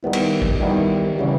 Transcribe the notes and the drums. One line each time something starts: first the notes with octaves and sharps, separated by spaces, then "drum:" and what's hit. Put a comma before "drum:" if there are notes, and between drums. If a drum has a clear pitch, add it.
D#3 G3 B3 E4
drum: cymbal
drum: kick
D#3 G3 B3 E4
C#3 E3 G3 B3